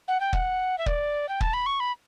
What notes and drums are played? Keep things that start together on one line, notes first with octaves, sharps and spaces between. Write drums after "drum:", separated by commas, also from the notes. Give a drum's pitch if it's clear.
F#5
G5
F#5, drum: kick
E5
D5, drum: kick
G5
A5, drum: kick
B5
C#6
B5